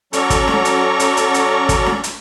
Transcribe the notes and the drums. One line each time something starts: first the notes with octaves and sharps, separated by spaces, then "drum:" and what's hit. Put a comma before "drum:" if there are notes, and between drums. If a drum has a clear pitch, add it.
F#3 C#4 A4 D5 A#5 C#6, drum: hi-hat
drum: kick, hi-hat
drum: snare
drum: hi-hat
drum: hi-hat
drum: hi-hat
drum: hi-hat
drum: kick, hi-hat
drum: snare
drum: hi-hat